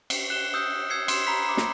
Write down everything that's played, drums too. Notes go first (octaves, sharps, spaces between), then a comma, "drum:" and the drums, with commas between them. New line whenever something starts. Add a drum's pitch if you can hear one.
drum: cymbal
F#6 E7 G7
D#6 E6 G6
E6 G#6 C7 C#7
C6 E7, drum: cymbal
A#5 B5 B6
A#5 D6
drum: snare